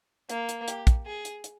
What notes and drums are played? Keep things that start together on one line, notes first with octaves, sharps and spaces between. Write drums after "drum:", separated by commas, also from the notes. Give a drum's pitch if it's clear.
A#3, drum: hi-hat
drum: hi-hat
G4, drum: hi-hat
drum: kick, hi-hat
G#4
drum: hi-hat
drum: hi-hat